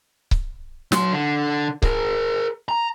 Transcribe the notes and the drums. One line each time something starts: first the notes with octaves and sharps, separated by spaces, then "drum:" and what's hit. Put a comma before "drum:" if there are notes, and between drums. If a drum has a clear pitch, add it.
drum: kick C#1
F#3 C6, drum: snare
D3
G#4 A#4, drum: kick C#1
A#5